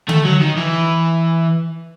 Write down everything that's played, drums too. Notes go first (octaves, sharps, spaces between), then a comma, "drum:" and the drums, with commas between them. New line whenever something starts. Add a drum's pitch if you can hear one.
A3, drum: tom D3
F#3
D#3
E3